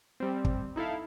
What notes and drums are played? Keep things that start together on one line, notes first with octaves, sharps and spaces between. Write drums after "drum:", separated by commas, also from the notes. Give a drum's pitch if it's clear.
G3 C4
drum: kick
D#4 E4 A4 F5